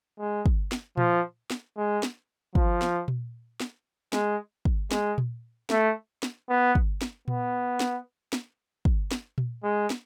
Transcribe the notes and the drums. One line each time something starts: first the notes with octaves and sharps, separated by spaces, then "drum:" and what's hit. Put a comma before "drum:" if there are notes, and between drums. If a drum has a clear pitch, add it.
G#3
drum: kick
drum: snare
F3, drum: tom A#2
drum: snare
G#3
drum: snare
F3, drum: kick
drum: snare
drum: tom A#2
drum: snare
G#3, drum: snare
drum: kick
G#3, drum: snare
drum: tom A#2
A3, drum: snare
drum: snare
B3
drum: kick
drum: snare
B3, drum: tom A#2
drum: snare
drum: snare
drum: kick
drum: snare
drum: tom A#2
G#3
drum: snare